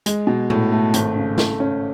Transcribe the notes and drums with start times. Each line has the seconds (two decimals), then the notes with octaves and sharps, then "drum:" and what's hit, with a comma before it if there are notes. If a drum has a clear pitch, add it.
0.06 G#3, drum: hi-hat
0.27 B2
0.50 A2, drum: tom A#2
0.72 A3
0.94 G#1, drum: hi-hat
1.16 C#3
1.38 A3, drum: snare
1.60 C#4